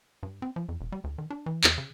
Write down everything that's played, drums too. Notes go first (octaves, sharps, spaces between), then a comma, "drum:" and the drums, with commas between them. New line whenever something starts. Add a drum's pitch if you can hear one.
G2
C4
F3
F2
E1
G3
D2
D#3
D4
E3
E2, drum: clap
C#3